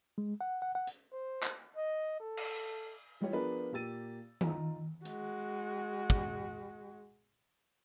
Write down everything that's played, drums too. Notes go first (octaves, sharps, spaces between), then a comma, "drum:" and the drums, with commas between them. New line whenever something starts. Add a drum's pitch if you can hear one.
G#3
F#5
F#5
F#5
drum: hi-hat
C5
drum: clap
D#5
A4
drum: cymbal
E3 G3 F4 G4 C#5
F3 B3 D4 G#4 A#4 B4
A#2 A#3 G4 E6 A6 D#7
D#4 F4 A#5, drum: tom D#3
G#3 F#4, drum: hi-hat
drum: kick